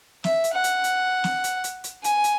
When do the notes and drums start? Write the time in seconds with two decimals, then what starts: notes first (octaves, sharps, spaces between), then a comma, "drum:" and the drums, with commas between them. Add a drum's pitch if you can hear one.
0.24 E5, drum: snare
0.44 drum: hi-hat
0.53 F#5
0.64 drum: hi-hat
0.84 drum: hi-hat
1.24 drum: snare
1.44 drum: hi-hat
1.64 drum: hi-hat
1.84 drum: hi-hat
2.04 G#5, drum: hi-hat
2.24 drum: hi-hat